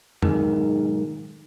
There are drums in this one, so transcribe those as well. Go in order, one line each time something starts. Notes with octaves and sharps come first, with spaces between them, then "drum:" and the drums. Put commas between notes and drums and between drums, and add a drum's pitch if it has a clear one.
B1 G#2 D#3, drum: tom F2